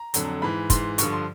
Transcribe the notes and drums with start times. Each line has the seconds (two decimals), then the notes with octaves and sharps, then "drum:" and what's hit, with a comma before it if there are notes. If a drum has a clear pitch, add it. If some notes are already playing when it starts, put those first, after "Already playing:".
Already playing: A#5
0.14 F2 D3 F#3, drum: hi-hat
0.42 G#2 E3 B5
0.70 G#2 E3 C6, drum: kick, hi-hat
0.98 G2 D3 F3 C#6, drum: hi-hat
1.13 C6